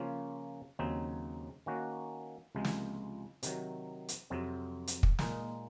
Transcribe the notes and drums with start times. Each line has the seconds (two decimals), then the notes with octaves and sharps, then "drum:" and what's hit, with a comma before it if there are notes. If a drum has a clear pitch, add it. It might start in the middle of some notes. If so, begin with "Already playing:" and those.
Already playing: C#3 F3 A#3 C#4 F4
0.79 D#2 C#3 F#3 C4 D#4
1.66 D#3 A#3 C#4 F#4
2.55 C#2 C3 F3 G#3
2.65 drum: snare
3.43 C3 D#3 F#3, drum: hi-hat
4.08 drum: hi-hat
4.30 F2 C3 F#3 C4
4.87 drum: hi-hat
5.03 drum: kick
5.19 A#2 G#3 D#4, drum: snare